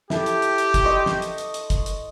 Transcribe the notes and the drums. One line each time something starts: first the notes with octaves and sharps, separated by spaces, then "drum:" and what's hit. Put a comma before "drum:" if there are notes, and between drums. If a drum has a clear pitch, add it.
E4 G4 A4, drum: snare
drum: hi-hat
drum: hi-hat
drum: hi-hat
drum: kick, hi-hat
D#5 C6 C#6
drum: snare
drum: hi-hat
drum: hi-hat
drum: hi-hat
drum: kick, hi-hat
drum: hi-hat